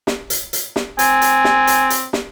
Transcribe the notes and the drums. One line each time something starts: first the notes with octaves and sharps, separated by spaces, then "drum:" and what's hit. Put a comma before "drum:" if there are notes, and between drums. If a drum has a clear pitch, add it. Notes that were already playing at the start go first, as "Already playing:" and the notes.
drum: snare
drum: hi-hat
drum: hi-hat
drum: snare
C4 G#5, drum: hi-hat
drum: hi-hat
drum: snare
drum: hi-hat
drum: hi-hat
drum: snare